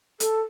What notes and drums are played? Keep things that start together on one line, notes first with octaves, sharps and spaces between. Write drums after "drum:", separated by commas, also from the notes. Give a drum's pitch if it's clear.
A4, drum: hi-hat